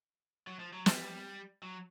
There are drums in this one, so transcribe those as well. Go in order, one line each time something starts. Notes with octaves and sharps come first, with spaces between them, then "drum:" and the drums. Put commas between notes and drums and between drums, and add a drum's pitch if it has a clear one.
F#3
F3
F#3
G3, drum: snare
F#3